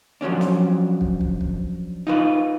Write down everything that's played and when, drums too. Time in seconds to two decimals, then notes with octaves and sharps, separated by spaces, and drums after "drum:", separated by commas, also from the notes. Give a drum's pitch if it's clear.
0.21 F3 F#3 C#4 D4
0.41 drum: snare
1.01 drum: kick
1.21 drum: kick
1.41 drum: kick
2.07 D#4 F4 B4